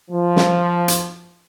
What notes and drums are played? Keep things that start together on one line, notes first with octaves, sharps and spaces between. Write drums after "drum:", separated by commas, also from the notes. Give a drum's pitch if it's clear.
F3
drum: snare
drum: hi-hat